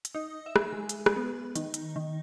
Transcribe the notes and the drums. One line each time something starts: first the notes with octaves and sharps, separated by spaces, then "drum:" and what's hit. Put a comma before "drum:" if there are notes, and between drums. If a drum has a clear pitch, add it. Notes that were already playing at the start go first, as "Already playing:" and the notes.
drum: hi-hat
D#4
E5
drum: rim click
G#3
drum: hi-hat
drum: rim click
B3
D#3, drum: hi-hat
drum: hi-hat
D#3